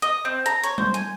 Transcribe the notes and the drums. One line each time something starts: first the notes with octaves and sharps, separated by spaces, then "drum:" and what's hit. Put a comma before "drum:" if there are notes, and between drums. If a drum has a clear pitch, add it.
D#5, drum: hi-hat
C4
A#5, drum: hi-hat
C#5, drum: hi-hat
C5, drum: tom G3
G#5, drum: hi-hat